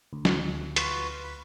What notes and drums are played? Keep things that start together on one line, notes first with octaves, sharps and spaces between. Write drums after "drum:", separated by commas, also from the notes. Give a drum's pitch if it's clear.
D2
drum: snare
F4 F#4 B4, drum: hi-hat
B5